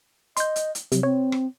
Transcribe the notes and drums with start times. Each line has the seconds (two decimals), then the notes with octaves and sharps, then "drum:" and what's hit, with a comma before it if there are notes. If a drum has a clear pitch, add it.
0.37 D#5 C6 G6, drum: hi-hat
0.56 drum: hi-hat
0.75 drum: hi-hat
0.92 C3 F#3, drum: hi-hat
1.03 C4 C#5
1.32 drum: rim click